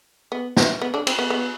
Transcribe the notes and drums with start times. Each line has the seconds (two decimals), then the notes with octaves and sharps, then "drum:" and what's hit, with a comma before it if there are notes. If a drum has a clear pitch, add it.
0.32 B3
0.56 drum: snare
0.81 B3
0.94 D3 D4
1.07 C4, drum: cymbal
1.19 B3
1.30 B3